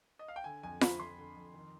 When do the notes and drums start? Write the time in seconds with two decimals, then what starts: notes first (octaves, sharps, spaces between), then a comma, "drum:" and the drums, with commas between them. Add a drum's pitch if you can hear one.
0.19 D#5
0.28 F5
0.36 G5
0.44 D3 G#5
0.63 F2 G#5
0.81 D3 B5, drum: snare F4
1.00 F2 C6
1.18 D3
1.36 F2
1.54 D#3